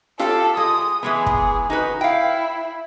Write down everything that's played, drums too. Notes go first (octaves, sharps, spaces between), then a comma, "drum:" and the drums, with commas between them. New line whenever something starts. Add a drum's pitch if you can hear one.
F4 G4 A4, drum: snare F4
G#3 D#6
E3 G#3 B3 G#4
drum: kick
D#4 F#4 B4
E4 F5 G5